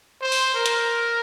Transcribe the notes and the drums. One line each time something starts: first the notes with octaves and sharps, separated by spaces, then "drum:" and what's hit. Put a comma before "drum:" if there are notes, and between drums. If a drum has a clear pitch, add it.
C5
drum: open hi-hat
A#4
drum: hi-hat